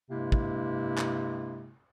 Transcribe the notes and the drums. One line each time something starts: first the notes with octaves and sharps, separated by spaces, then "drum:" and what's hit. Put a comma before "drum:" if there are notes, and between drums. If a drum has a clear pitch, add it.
G2 C3 G#3 A#3 E4
drum: kick
drum: clap